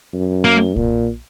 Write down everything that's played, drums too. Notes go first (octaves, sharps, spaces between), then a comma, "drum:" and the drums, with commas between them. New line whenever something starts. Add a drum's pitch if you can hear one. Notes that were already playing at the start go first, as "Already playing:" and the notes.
F#2
A#3
A#2, drum: kick